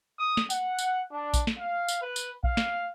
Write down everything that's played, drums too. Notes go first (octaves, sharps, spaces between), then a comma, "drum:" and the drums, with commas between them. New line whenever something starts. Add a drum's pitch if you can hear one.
D#6
drum: snare
F#5, drum: tambourine
drum: tambourine
D4
drum: kick A#1, tambourine
drum: snare
F5
drum: tambourine
B4
drum: tambourine
F5, drum: kick A#1
drum: snare